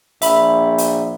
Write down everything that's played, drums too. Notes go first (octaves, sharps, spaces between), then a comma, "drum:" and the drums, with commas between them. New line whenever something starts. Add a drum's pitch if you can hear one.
A#1 E5 B5, drum: hi-hat
drum: hi-hat